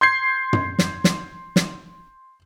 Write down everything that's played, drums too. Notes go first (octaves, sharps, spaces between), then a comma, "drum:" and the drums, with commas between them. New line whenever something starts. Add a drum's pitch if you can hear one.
C6 G6 G#6 C7
drum: tom
drum: snare
drum: snare
drum: snare